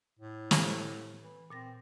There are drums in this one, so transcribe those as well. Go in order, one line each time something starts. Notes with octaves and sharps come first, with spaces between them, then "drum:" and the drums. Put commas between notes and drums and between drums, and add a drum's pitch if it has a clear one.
A2
C4 G4 A4, drum: snare
E3
A#2 C4 A6 A#6